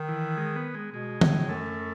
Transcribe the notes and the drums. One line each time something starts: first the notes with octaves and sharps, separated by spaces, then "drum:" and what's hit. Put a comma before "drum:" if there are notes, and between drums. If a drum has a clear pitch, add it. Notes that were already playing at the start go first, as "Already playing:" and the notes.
Already playing: D#3
E3
G#3
B3
G#3
B2 G#3
A2, drum: tom D#3
F#2 A3